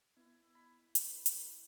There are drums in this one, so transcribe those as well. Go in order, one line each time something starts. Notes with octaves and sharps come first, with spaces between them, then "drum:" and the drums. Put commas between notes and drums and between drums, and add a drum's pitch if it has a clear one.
B3 E4
B5
drum: hi-hat
B4
drum: hi-hat